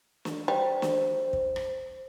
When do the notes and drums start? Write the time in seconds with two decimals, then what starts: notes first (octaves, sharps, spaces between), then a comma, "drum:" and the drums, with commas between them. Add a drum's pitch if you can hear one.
0.25 drum: snare
0.48 G3 C5
0.82 drum: snare
1.33 drum: kick
1.56 drum: rim click